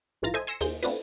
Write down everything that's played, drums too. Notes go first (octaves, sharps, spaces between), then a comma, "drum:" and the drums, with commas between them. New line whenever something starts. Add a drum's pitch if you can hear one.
A#1 G#2 E3 F4 A#5 A6
A4 C5 D#5 E5 G#5
G#5 C6 E6 A#6 C7 C#7
D#2 A#3 G#4 C5 G6, drum: hi-hat
A3 B3 C4 D4 F4 B4, drum: hi-hat